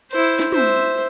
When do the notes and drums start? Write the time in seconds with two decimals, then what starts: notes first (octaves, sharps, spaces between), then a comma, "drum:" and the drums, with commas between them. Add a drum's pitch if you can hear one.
0.11 E4 C5, drum: cymbal
0.39 drum: snare
0.52 C5 E5, drum: tom